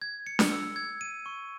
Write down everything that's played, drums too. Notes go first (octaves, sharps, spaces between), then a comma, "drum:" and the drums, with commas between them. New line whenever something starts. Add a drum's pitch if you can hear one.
G#6
C#7
drum: snare D4
E6
G#6
D#7
C#6